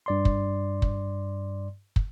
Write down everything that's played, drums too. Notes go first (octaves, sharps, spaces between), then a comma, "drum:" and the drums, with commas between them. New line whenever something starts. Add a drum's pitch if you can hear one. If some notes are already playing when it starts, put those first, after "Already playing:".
G2 D5 C6
drum: kick
drum: kick
drum: kick